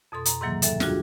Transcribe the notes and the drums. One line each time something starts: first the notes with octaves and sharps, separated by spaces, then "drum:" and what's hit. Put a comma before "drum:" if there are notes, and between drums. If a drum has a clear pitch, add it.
F2 B2 A4 C6
A#5, drum: hi-hat
G#2 C3 D#3 E3 F#3 A#3
D#2 A4 E5, drum: hi-hat
G3 D4 F4 F#4 G#4, drum: snare